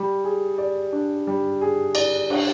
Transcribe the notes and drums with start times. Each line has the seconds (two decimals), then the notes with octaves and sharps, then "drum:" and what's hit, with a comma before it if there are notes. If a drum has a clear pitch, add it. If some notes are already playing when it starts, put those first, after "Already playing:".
Already playing: G3
0.24 G#4
0.58 D5
0.93 D4
1.27 G3
1.61 G#4
1.95 D5, drum: cymbal
2.30 D4, drum: cymbal